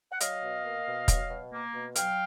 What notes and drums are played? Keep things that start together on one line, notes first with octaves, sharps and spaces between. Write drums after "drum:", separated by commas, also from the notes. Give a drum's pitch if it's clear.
F#5
F#3 D#5 F5, drum: hi-hat
B2
A#3
B2
F#3, drum: kick, hi-hat
B2
A#3
B2
F#3 F5 G5, drum: hi-hat